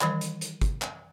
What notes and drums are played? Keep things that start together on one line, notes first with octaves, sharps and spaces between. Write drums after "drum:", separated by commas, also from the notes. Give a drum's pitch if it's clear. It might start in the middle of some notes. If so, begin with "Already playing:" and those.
D#3 E3 G3, drum: clap
drum: hi-hat
drum: hi-hat
drum: kick, hi-hat
drum: clap